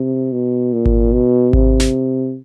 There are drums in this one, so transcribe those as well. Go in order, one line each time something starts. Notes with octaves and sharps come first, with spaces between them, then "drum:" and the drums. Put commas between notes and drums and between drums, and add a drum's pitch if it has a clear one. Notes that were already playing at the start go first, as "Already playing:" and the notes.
Already playing: C3
B2
A#2
drum: kick G#1
B2
C3, drum: kick G#1
drum: snare